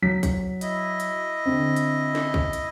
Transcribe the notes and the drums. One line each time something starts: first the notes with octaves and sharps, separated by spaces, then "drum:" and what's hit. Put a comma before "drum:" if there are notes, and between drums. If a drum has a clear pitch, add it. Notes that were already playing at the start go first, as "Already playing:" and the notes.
F#3 B6
drum: kick, hi-hat
E4 D#5, drum: hi-hat
drum: hi-hat
D3 C4
drum: hi-hat
drum: snare
drum: kick
drum: hi-hat